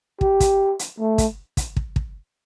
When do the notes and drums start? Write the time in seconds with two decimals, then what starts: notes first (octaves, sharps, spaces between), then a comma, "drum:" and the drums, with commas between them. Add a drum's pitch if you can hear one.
0.21 G4, drum: kick
0.40 drum: kick, hi-hat
0.79 drum: hi-hat
0.99 A3
1.18 drum: kick, hi-hat
1.57 drum: kick, hi-hat
1.77 drum: kick
1.96 drum: kick